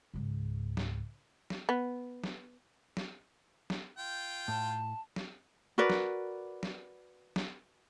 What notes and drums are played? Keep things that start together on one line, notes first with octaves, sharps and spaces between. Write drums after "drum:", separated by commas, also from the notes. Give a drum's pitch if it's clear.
C#2 G#2
drum: snare
drum: snare
B3
drum: snare
drum: snare
drum: snare
F4 G5
A2 A5
drum: snare
F#4 A#4 B4 D5
drum: snare
drum: snare
drum: snare